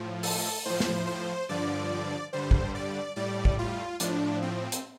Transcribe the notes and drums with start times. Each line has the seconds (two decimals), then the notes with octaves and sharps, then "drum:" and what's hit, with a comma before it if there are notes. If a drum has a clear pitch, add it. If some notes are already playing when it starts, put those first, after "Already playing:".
Already playing: A2 F3
0.23 A4, drum: open hi-hat
0.65 A2 F3 C5
0.80 drum: snare
1.07 C5
1.49 G2 D3 F3 D5
2.33 G2 D3 G3 C5
2.51 drum: kick
2.75 D5
3.16 A2 G3 D5
3.45 drum: kick
3.59 F4
4.00 A2 F3 D4, drum: hi-hat
4.42 C4
4.72 drum: hi-hat